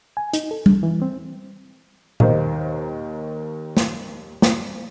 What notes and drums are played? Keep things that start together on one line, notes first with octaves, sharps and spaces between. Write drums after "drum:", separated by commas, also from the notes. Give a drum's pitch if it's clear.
G#5
D#4, drum: hi-hat
A4
C2, drum: tom G3
E3
C4
D#2 D#3 C5, drum: tom A#2
drum: snare
drum: snare